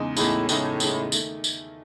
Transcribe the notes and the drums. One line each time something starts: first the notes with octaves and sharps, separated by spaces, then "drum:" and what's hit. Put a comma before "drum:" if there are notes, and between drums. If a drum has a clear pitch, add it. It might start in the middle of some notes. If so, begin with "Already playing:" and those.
Already playing: E2 C#3 G#3 D#4
E2 A2 C#3 G#3 D#4, drum: tambourine
E2 A2 C#3 G#3 D#4, drum: tambourine
E2 C#3 G#3 D#4, drum: tambourine
D#3 A3, drum: tambourine
drum: tambourine